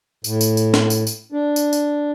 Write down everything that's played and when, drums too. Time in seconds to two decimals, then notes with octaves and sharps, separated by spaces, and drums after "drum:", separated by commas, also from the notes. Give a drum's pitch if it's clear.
0.24 A2, drum: tambourine
0.41 drum: tambourine
0.57 drum: tambourine
0.74 drum: snare
0.90 drum: tambourine
1.07 drum: tambourine
1.32 D4
1.56 drum: tambourine
1.73 drum: tambourine